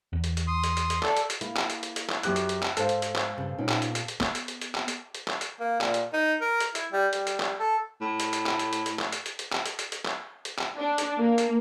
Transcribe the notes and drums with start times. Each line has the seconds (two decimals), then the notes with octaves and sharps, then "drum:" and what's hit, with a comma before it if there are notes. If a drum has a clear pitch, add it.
0.13 E2
0.24 drum: hi-hat
0.37 drum: hi-hat
0.47 C6 D#6
0.64 drum: hi-hat
0.77 drum: hi-hat
0.90 drum: hi-hat
1.03 A4 D5, drum: clap
1.17 drum: hi-hat
1.30 drum: hi-hat
1.41 A#3 E4, drum: hi-hat
1.56 drum: clap
1.70 drum: hi-hat
1.83 drum: hi-hat
1.96 drum: hi-hat
2.09 drum: clap
2.23 F#2 G4 F#6, drum: hi-hat
2.36 drum: hi-hat
2.49 drum: hi-hat
2.62 drum: clap
2.77 G#2 A4 C5 F5 G#5, drum: hi-hat
2.89 drum: hi-hat
3.02 drum: hi-hat
3.16 drum: clap
3.38 G2 C#3
3.58 A#2 B3 C#4 D#4
3.69 drum: clap
3.82 drum: hi-hat
3.95 drum: hi-hat
4.08 drum: hi-hat
4.21 B3, drum: clap
4.35 drum: hi-hat
4.48 drum: hi-hat
4.61 drum: hi-hat
4.75 drum: clap
4.88 drum: hi-hat
5.15 drum: hi-hat
5.28 drum: clap
5.41 drum: hi-hat
5.60 A#3
5.81 A#2, drum: clap
5.94 drum: hi-hat
6.14 D#4
6.41 A#4
6.60 drum: hi-hat
6.75 E4, drum: hi-hat
6.92 G3
7.13 G3, drum: hi-hat
7.27 drum: hi-hat
7.40 drum: clap
7.60 A4
8.01 A2
8.20 drum: hi-hat
8.33 drum: hi-hat
8.46 drum: clap
8.59 drum: hi-hat
8.73 drum: hi-hat
8.86 drum: hi-hat
8.99 drum: clap
9.12 drum: hi-hat
9.26 drum: hi-hat
9.39 drum: hi-hat
9.52 drum: clap
9.66 drum: hi-hat
9.79 drum: hi-hat
9.92 drum: hi-hat
10.05 drum: clap
10.45 drum: hi-hat
10.58 drum: clap
10.77 D4
10.98 drum: hi-hat
11.19 A#3
11.38 drum: hi-hat